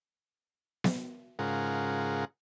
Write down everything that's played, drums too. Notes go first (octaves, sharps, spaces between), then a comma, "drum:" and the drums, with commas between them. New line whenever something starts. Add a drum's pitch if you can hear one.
drum: snare B3
G#2 C#3 F4 G#4 A#4 F#5